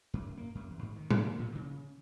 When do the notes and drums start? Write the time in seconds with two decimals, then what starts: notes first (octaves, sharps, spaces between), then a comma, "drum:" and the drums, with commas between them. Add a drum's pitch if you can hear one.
0.14 F#2
0.37 A#3
0.55 F#2
0.71 E2
0.82 G#2
0.96 D#3
1.11 A#3, drum: tom A2
1.39 A#2
1.55 C#3